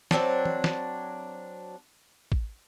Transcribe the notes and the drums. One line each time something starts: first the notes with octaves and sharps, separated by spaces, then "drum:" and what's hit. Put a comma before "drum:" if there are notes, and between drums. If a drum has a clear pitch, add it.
F#3 C4 D4 A5, drum: snare
drum: tom
drum: snare
drum: kick A1